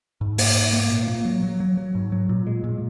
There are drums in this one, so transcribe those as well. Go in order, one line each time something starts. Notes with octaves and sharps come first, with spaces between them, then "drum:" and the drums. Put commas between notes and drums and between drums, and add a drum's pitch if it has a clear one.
G#2
A#3, drum: open hi-hat
G#2
A#3
A#2
A#3
F#3
F#3
F#3
F#3
G#2
F#3
A#2
G#3
A#2